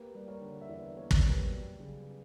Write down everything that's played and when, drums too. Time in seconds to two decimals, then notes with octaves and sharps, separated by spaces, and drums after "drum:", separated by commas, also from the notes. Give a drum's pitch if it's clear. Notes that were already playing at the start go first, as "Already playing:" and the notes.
Already playing: A#3 G4 B4
0.15 G3
0.28 A#4 C#5
0.41 D3
0.61 E5
0.69 E2 B4 D5
0.97 A#3 A#4 C#5
1.11 drum: kick
1.25 G3 G4 B4
1.51 F#3
1.80 C#3